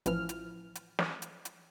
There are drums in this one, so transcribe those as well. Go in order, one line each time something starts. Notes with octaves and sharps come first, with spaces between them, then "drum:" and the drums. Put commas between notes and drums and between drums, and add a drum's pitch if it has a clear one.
A1 E3 F3 F6, drum: hi-hat
drum: hi-hat
drum: hi-hat
drum: snare
drum: hi-hat
drum: hi-hat